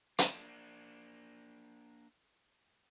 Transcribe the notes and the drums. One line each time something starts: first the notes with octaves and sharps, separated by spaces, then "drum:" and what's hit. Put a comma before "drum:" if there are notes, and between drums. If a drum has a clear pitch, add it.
A#3 D4, drum: hi-hat